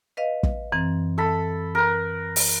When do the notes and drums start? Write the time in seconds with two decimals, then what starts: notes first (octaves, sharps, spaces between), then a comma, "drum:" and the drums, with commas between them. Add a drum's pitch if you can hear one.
0.17 B4 D#5 F5
0.43 drum: kick
0.72 F#2 E3 C4
1.18 A4 B5
1.75 A#4 B4
2.36 drum: open hi-hat